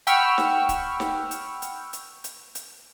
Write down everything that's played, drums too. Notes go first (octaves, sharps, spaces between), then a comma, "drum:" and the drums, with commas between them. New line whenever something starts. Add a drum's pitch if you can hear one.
F#5 G5 B5 C#6 E6 F6, drum: hi-hat
drum: snare
drum: kick D1, hi-hat
drum: snare
drum: hi-hat
drum: hi-hat
drum: hi-hat
drum: hi-hat
drum: hi-hat